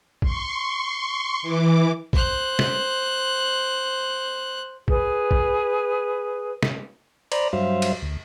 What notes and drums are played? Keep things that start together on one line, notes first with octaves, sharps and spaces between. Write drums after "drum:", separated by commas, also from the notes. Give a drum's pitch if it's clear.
C6 C#6, drum: kick
E3 D6
C5 F#6, drum: kick
drum: snare
G#4 B4, drum: kick
drum: kick
drum: snare
C5 D5 A#5 B5, drum: cymbal
G2 F#3 C5 E5 F5
drum: cymbal
D2